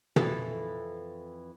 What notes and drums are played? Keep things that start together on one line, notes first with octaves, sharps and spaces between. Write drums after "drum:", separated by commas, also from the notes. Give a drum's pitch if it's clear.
F2 E3 A4, drum: tom